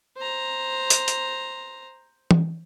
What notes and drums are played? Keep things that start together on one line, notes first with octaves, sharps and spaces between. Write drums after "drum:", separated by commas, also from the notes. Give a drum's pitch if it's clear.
C5 A#5
drum: hi-hat
drum: hi-hat
drum: tom E3